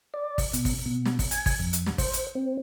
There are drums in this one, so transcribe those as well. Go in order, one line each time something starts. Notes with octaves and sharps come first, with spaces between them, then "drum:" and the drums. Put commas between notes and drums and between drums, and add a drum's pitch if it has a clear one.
D5
drum: kick, open hi-hat
B2, drum: hi-hat
drum: kick, open hi-hat
B2
drum: snare
drum: kick, open hi-hat
G#5, drum: hi-hat
drum: kick, open hi-hat
F2
drum: hi-hat
drum: snare
C5, drum: kick, open hi-hat
drum: hi-hat
C4